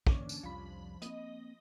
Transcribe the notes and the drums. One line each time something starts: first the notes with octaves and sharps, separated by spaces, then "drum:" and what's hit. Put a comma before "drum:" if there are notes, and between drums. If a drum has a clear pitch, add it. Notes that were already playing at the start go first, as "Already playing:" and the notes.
D3 E3 A#3 C#4 D4, drum: kick
drum: tambourine
C2 F2 F3 G3 B5
A#3 C4 D#5, drum: hi-hat